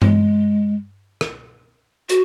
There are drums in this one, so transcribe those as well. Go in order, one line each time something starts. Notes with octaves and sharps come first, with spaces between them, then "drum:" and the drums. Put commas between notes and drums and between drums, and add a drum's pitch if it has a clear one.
G#3, drum: tom G2
drum: rim click
F#4, drum: hi-hat